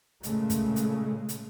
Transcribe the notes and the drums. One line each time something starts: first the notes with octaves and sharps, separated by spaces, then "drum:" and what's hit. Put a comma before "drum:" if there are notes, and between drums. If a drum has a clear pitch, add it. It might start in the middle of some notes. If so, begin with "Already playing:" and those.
A#2 C#3 G#3 A3, drum: hi-hat
drum: kick, hi-hat
drum: hi-hat
drum: hi-hat